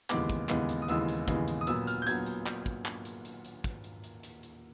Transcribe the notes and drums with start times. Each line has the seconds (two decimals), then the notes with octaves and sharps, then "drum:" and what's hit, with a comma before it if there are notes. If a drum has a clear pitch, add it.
0.10 D#2 C#3 E3 G#3 B3 D6, drum: clap
0.30 drum: kick, hi-hat
0.49 D#2 C#3 E3 G#3 B3, drum: clap
0.69 drum: hi-hat
0.82 D#6
0.88 D#2 C#3 E3 G#3 B3 E6, drum: hi-hat
1.08 drum: hi-hat
1.28 D#2 C#3 E3 G#3 B3, drum: kick, hi-hat
1.48 drum: hi-hat
1.61 D#6
1.67 A#2 F#3 B3 E6, drum: hi-hat
1.87 F6, drum: hi-hat
2.02 G6
2.07 A#2 F#3 B3 G#6, drum: hi-hat
2.26 drum: hi-hat
2.46 drum: clap
2.66 drum: kick, hi-hat
2.86 drum: clap
3.05 drum: hi-hat
3.25 drum: hi-hat
3.45 drum: hi-hat
3.64 drum: kick, hi-hat
3.84 drum: hi-hat
4.04 drum: hi-hat
4.23 drum: hi-hat
4.43 drum: hi-hat